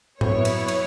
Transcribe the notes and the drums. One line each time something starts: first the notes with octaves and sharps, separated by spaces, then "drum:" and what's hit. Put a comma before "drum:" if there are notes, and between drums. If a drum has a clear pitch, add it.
B2 F#3 B3 E4 C#5, drum: tom A2
drum: cymbal
drum: cymbal